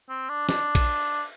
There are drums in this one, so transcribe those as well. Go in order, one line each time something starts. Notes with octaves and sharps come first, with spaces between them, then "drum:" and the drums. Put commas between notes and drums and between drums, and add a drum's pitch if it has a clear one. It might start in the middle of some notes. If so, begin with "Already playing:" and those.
C4
D4
D4, drum: snare
drum: kick A#1, cymbal